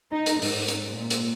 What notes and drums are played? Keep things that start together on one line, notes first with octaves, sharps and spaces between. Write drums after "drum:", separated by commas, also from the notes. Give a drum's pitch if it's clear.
D#4
drum: hi-hat
G#2, drum: open hi-hat
drum: hi-hat
A#2
drum: hi-hat